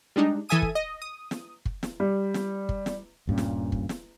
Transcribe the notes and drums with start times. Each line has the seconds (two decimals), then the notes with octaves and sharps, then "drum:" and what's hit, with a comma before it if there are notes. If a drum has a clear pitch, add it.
0.16 G3 G#3 D4 D#4
0.49 E3 A4 E5 G#5 D#6 D#7
0.62 drum: kick
0.75 D#5
1.02 D#6
1.31 drum: snare
1.65 drum: kick
1.83 drum: snare
2.00 G3
2.34 drum: snare
2.69 drum: kick
2.86 drum: snare
3.27 D#1 G2 A#2 C#4
3.38 drum: snare
3.72 drum: kick
3.89 drum: snare